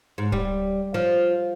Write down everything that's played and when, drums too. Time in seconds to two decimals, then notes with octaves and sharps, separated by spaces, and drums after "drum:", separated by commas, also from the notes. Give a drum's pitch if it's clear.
0.18 G#2
0.32 G3, drum: kick D1
0.94 F3